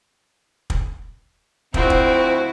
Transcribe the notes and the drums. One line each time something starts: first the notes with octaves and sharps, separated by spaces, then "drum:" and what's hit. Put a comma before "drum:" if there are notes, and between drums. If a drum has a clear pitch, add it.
drum: kick
D2 F3 C4 E4 F#4, drum: kick
drum: kick